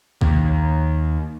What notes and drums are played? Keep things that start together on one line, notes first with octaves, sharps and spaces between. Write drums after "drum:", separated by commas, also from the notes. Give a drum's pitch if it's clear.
D#2, drum: kick B1